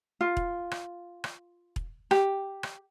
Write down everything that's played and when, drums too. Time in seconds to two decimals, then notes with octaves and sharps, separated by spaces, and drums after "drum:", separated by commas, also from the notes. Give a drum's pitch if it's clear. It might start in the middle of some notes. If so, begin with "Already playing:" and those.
0.21 F4
0.37 drum: kick E1
0.71 drum: rim click
1.24 drum: rim click
1.76 drum: kick E1
2.11 G4, drum: rim click
2.63 drum: rim click